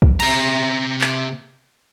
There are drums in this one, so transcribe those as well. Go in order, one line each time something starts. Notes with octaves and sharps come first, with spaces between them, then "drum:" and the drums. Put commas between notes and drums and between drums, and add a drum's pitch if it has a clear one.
drum: kick
C3 A#5, drum: cymbal
drum: clap